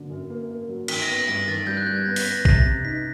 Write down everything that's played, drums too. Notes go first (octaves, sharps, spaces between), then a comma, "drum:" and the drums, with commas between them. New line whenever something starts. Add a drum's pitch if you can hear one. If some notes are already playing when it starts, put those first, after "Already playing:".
Already playing: D3 F#3 A#3
F#2
A#3
A#3
F#3
D#3 B6, drum: cymbal
A#6
B3
A#6
G2 A#6
D#3 A6
G3 G6
F#6
G3 G6
G#6
B3 A#6
B6, drum: open hi-hat
B3 A#6
A6
C3 A#6, drum: kick A#1
C3
D#4 B6